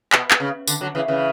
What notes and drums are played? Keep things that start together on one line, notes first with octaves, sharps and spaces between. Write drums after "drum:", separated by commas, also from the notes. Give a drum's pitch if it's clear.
B2, drum: clap
drum: clap
C#3
D3, drum: tambourine
D3 F#3
C#3 E3
C#3 E3